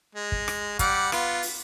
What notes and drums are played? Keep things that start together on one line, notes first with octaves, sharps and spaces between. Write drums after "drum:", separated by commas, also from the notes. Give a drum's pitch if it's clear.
G#3
drum: kick
drum: rim click
G3 F#5 D6, drum: kick, hi-hat
B3 F4, drum: rim click
drum: open hi-hat